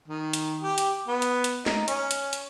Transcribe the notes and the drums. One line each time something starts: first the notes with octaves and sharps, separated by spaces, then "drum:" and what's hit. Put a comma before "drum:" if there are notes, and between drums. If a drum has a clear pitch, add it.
D#3
drum: hi-hat
G4
drum: hi-hat
B3
drum: hi-hat
drum: hi-hat
D#4, drum: snare
C#4, drum: hi-hat
drum: hi-hat
drum: hi-hat